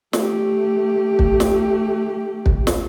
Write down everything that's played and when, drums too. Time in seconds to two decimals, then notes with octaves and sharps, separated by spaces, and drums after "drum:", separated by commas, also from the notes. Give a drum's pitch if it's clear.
0.13 A3 G4, drum: snare
1.19 drum: kick
1.40 drum: snare
2.46 drum: kick
2.67 drum: snare